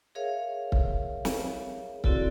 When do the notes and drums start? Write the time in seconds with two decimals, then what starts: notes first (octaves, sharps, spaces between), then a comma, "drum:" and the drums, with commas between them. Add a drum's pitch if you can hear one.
0.15 G#4 A#4 C#5 E5 F5
0.72 drum: kick C#1
1.25 drum: snare
2.04 C4 E4 F#4 A4 D5, drum: kick C#1